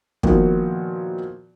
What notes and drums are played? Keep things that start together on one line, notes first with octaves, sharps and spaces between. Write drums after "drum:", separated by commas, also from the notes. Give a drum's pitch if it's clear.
A#2 D#3 F3 B3 F#4, drum: kick